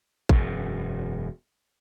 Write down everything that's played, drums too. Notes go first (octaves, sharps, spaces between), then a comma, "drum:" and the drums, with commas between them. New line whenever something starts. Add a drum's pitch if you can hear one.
E1 F#2, drum: kick A1